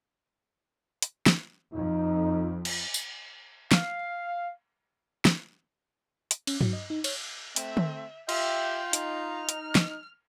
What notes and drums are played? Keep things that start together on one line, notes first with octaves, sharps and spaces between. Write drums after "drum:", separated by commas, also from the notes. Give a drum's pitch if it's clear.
drum: hi-hat
drum: snare
F2 D#4
drum: cymbal
drum: tambourine
F5, drum: snare
drum: snare
drum: hi-hat
C#4, drum: cymbal
F#3, drum: tom G2
D#5
D#4
C#5, drum: cymbal
A3 C4 E5, drum: hi-hat
drum: tom
F4 G4 E5 G5, drum: cymbal
D#4, drum: hi-hat
F6
drum: hi-hat
drum: snare